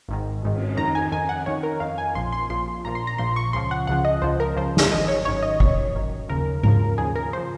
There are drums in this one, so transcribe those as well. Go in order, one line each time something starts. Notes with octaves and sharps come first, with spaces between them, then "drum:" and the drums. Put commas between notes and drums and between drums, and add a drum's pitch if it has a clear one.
G#1 G#2 D#3
G#1 G#2 D#3
drum: cymbal
F2 D#3 A#5
G#5
F2 D#3 G#5
F#5
F2 D#3 C#5
A#4
F2 D#3 F5
G#5
A#1 A#2 F3 C6
C6
A#1 A#2 F3 C6
A#1 A#2 F3 A#5
C6
A#5
A#1 A#2 F3 C6
C#6
C#2 C#3 F3 C6
F#5
C#2 C#3 F3 F#5
D#5
C#2 C#3 F3 C5
A#4
C#2 C#3 F3 C5
drum: snare
G#1 F#2 D#3 D#5
C#5
G#1 F#2 D#3 C#5
D#5
G#1 F#2 D#3 C#5, drum: kick
G#1 F#2 D#3
D#2 C#3 F3 A#4
D#2 C#3 F3 A#4, drum: tom G#2
D#2 C#3 F3 G#4
A#4
C#3 F3 C5